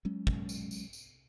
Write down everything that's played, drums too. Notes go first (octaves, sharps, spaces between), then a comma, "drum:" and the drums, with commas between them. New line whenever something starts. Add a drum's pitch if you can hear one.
F#3 G#3 C#4
drum: kick
drum: tambourine
drum: tambourine
drum: tambourine